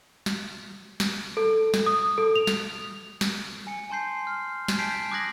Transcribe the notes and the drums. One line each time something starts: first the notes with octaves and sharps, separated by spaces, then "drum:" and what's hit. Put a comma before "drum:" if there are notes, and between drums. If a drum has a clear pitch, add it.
drum: snare
drum: snare
A4
drum: snare
D#6
A4
F7
drum: snare
drum: snare
G#5 C#7
G#5 A5 C6 G6 C7
F6
drum: snare
G#5 A5 G6 B6 C7 D7
D6 D#6 F#6 G#6 A#6 F#7